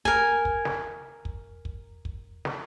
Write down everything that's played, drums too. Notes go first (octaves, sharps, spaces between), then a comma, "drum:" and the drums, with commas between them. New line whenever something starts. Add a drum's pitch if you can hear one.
A#4 G#5, drum: kick
drum: kick
drum: snare
drum: kick
drum: kick
drum: kick
drum: snare